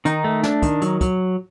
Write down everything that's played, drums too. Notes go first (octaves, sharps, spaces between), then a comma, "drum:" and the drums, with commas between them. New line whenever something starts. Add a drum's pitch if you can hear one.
D#3 D#4, drum: hi-hat
A3
D4, drum: snare
D#3, drum: kick, hi-hat
F#3, drum: hi-hat
F#3, drum: kick, hi-hat